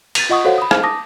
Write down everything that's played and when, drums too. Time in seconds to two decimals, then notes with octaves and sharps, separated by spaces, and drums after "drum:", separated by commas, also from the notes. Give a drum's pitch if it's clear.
0.15 A6 D#7 F7, drum: cymbal
0.29 F4 D#5 F#5 C#6 D#6
0.45 F#4 A4 C5 C#5 F5 F#5
0.58 B5 D#6
0.71 C5 F5 F6, drum: rim click
0.83 A5 D6 D#6 A#6